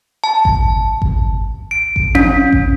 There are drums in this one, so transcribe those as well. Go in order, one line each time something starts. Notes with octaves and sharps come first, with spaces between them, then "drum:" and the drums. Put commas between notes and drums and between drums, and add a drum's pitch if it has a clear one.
A5
drum: kick G#1
drum: kick G#1
D7
drum: kick G#1
C#4, drum: tom C4
drum: kick G#1